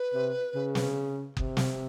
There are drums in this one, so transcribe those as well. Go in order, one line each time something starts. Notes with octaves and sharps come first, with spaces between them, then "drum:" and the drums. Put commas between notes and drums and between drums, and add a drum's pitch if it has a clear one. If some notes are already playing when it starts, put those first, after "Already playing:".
Already playing: B4
C3
C#3
drum: snare
C3, drum: kick F#1
drum: snare